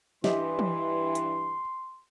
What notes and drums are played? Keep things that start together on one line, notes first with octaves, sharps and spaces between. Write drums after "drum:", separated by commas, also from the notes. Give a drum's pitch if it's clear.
G2 E3 G4 D#5 E5 C6, drum: snare
drum: tom E3
drum: hi-hat